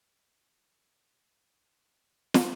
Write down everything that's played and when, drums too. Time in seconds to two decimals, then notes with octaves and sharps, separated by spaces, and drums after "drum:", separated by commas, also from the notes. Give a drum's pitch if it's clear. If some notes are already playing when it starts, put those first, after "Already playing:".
0.02 B3 D5 F5
2.34 drum: snare